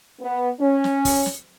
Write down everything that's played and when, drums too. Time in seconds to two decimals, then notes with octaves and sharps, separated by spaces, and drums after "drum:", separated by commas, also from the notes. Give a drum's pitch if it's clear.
0.21 B3
0.59 C#4
0.84 drum: snare
1.05 drum: kick, open hi-hat
1.26 drum: snare